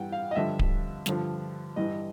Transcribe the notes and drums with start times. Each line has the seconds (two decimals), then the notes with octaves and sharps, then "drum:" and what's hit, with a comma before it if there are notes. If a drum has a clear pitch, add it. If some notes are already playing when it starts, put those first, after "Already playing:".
Already playing: G2 E3 F#5 G5
0.12 F5
0.31 D#5
0.35 G2 D3 F3 E5
0.59 drum: kick D1
1.06 G2 D3 F3, drum: snare
1.76 G2 E3 D#5